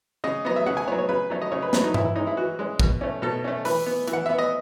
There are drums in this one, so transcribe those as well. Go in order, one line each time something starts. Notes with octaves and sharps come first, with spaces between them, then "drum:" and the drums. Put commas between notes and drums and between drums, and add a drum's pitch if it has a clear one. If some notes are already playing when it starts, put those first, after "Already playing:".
C#3 D#5
F#3 B3 D#5
E5
C#3 F#5
G#5
F#3 B3 C#5
C#5
C#3 B4
F#3 A3 C#4
D#5
C#3 C#5
B4
F#3 A3 C#4 B4, drum: snare
D#4
E3 E4, drum: tom G2
E4
G#3 C#4 D#4
E4
E3 F#4
G#3 C#4
B2, drum: kick
A3 C#4
B2 A4
A3 C#4
E3 B4, drum: open hi-hat
B3
E3, drum: hi-hat
F#5
B3 E5
D#5